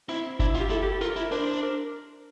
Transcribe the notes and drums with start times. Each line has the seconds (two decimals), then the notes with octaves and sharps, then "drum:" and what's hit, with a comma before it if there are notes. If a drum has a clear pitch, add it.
0.09 C4 E4
0.39 D4 E4, drum: kick F#1
0.49 E4
0.55 F4
0.60 G4
0.70 E4 A4
0.82 G4
0.92 A4
1.01 F4 A#4
1.16 E4
1.32 D4 C5
1.63 A#4